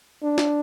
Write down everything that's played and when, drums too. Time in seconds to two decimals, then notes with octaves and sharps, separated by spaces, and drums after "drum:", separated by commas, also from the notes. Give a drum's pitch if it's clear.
0.23 D4
0.38 drum: snare